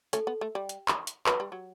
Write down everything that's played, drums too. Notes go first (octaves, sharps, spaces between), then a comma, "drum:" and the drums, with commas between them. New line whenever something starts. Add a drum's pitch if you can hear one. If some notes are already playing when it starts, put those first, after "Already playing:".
A3 C#4 A4, drum: hi-hat
B3
A3
G3
drum: hi-hat
drum: clap
drum: hi-hat
F#3 B4, drum: clap
G3
F#3